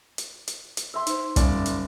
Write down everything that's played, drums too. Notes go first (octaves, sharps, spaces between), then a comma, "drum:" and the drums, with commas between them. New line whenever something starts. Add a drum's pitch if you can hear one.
drum: hi-hat
drum: hi-hat
drum: hi-hat
E5 C6
D#4 C5, drum: hi-hat
F#1 G3 B3 D5 G#5, drum: kick, hi-hat
drum: hi-hat